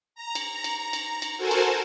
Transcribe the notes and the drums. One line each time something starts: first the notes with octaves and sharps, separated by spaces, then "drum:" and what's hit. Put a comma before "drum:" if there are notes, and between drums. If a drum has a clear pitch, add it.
A#5
drum: cymbal
drum: cymbal
drum: cymbal
drum: cymbal
F#4 A4 A#4 C5 G#5 A5
drum: cymbal